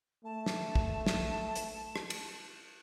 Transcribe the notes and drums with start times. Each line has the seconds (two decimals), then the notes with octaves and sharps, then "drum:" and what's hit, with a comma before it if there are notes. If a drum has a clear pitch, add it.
0.24 A3 A5
0.46 drum: snare
0.75 drum: kick
1.06 drum: snare
1.55 drum: hi-hat
1.96 drum: rim click
2.10 drum: cymbal